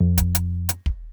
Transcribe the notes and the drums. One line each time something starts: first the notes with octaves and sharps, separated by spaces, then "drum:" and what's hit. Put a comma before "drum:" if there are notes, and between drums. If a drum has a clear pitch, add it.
F2
drum: kick, hi-hat
drum: hi-hat
drum: hi-hat
drum: kick